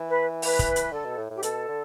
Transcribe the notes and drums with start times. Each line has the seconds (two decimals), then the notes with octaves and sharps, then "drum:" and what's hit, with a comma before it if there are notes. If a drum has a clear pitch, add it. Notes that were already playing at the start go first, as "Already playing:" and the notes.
Already playing: E3
0.08 B4
0.42 B4, drum: open hi-hat
0.59 drum: kick, hi-hat
0.76 drum: hi-hat
0.92 D3 A4
1.05 B2
1.17 A2
1.30 A2
1.36 G4
1.43 B2 A4, drum: hi-hat
1.68 D3